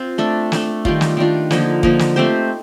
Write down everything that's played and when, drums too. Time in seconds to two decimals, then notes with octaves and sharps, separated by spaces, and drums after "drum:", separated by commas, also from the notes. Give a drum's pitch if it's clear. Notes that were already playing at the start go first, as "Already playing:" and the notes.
Already playing: C4 F4
0.18 A3 D4 A4
0.52 A3 D4 A4, drum: snare
0.85 D#3 G3 D4 F4, drum: kick
1.01 drum: snare
1.17 D#3 G3 D4 F4
1.51 D3 F3 A#3 D#4, drum: snare
1.83 D3 F3 A#3 D#4, drum: kick
1.99 drum: snare
2.16 A3 C4 G4 C5